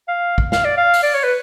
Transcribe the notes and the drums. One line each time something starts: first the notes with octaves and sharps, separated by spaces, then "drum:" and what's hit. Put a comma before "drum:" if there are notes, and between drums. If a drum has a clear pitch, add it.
F5
drum: kick
F5, drum: snare
D5
F5
drum: open hi-hat
D5
C#5
B4